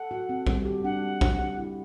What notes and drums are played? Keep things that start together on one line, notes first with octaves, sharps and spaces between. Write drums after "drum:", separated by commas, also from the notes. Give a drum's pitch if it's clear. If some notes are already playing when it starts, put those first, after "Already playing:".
Already playing: A4 F#5
F#4
C4
G3, drum: kick
G4
D4 F#5
G3
D4, drum: kick
G4
E4